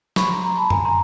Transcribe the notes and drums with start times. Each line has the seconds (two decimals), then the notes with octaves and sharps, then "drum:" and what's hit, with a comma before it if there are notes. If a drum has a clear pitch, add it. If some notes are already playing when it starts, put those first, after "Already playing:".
0.16 B5 C#6, drum: snare
0.30 A#5 C6
0.44 A#5 C6
0.57 A5 B5
0.70 G#5 A#5, drum: tom F#2
0.85 A#5 C6